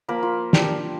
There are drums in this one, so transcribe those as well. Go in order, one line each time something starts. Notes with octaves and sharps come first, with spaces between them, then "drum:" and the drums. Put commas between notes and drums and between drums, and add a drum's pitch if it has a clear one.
F3 A#3 A#4 B5
F4
D4 G4, drum: snare